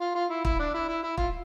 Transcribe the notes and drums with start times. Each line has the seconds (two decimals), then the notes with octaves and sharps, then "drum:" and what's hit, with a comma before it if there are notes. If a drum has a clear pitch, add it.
0.01 F4
0.15 F4
0.30 E4
0.45 E4, drum: kick
0.59 D4
0.74 E4
0.88 E4
1.03 E4
1.17 F4, drum: kick